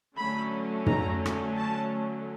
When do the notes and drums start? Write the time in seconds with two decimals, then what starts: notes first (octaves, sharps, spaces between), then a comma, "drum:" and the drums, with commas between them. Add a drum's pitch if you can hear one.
0.16 D3 F#3 A3 C#4 B5
0.86 A#5, drum: tom
1.26 drum: rim click
1.57 A5